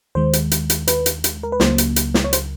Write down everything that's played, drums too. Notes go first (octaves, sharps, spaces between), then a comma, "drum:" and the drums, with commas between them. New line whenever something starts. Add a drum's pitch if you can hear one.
D#2 D#3 G#3 C5
drum: hi-hat
drum: hi-hat
drum: hi-hat
B4, drum: hi-hat
drum: hi-hat
drum: hi-hat
A#4
B4
C#2 C#3 F#3 A#3 C5, drum: snare
drum: hi-hat
drum: hi-hat
drum: snare
C#5
C5, drum: hi-hat